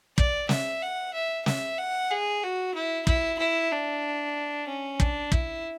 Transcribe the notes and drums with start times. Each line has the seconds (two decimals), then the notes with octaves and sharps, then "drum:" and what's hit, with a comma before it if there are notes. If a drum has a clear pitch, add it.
0.18 D5, drum: kick
0.49 E5, drum: snare
0.82 F#5
1.14 E5
1.46 E5, drum: snare
1.78 F#5
2.11 G#4
2.43 F#4
2.74 E4
3.07 E4, drum: kick
3.39 E4
3.72 D4
4.68 C#4
5.00 D4, drum: kick
5.32 E4, drum: kick